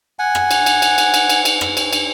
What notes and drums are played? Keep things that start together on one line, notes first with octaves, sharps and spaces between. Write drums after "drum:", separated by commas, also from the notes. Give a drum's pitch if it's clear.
F#5 G#5
drum: rim click
drum: cymbal
drum: cymbal
drum: cymbal
drum: cymbal
drum: cymbal
drum: cymbal
drum: cymbal
drum: rim click
drum: cymbal
drum: cymbal